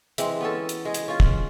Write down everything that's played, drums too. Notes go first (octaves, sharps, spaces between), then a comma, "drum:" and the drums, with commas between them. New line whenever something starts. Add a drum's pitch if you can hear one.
E3 G#3 C4, drum: hi-hat
B3 C#4 A4
drum: hi-hat
G#3 G#4
drum: hi-hat
C#4 F4
drum: kick